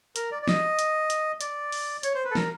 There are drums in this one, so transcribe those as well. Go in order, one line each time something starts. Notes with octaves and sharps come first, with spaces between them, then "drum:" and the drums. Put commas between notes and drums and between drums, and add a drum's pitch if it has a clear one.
A#4, drum: hi-hat
D5
D5
D#5, drum: snare
drum: hi-hat
drum: hi-hat
D5, drum: hi-hat
drum: open hi-hat
C#5, drum: hi-hat
C5
B4
A4
A#4, drum: snare